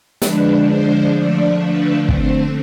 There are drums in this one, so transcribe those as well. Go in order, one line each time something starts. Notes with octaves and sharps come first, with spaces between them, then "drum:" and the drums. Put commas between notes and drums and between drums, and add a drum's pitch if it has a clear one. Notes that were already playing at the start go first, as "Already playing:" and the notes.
D3 F3 G#3 D4 B4, drum: snare
C5
D3 F3 A3 D4 D5
B4
D3 A3 C4 C5, drum: kick